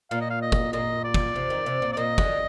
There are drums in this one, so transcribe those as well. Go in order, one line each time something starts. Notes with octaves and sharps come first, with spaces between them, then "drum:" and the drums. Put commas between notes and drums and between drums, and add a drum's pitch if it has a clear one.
A#2 F5
D#5
F5
D#5
drum: kick
A#2 D#5
D5
drum: kick
C3
D#3
C3
A#2
D5
A#2 D#5
D3, drum: kick